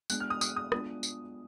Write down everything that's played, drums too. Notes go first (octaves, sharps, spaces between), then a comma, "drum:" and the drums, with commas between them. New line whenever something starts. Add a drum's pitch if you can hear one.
G#3 B3 D4 F#6, drum: tambourine
F6
D#6
D#6, drum: tambourine
D#6
G#3 B3 D4 F4 D#6, drum: rim click
drum: tambourine